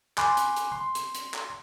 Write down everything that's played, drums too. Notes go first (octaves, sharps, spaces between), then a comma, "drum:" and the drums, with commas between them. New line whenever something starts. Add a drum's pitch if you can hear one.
G#5 B5 C6 D6 F#6, drum: clap
drum: hi-hat
drum: hi-hat
C6
drum: hi-hat
drum: hi-hat
drum: clap